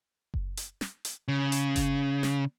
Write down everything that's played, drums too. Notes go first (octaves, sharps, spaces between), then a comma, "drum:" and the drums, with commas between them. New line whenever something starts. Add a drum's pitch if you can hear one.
drum: kick F#1
drum: hi-hat
drum: snare
drum: hi-hat
C#3
drum: hi-hat
drum: kick F#1, hi-hat
drum: snare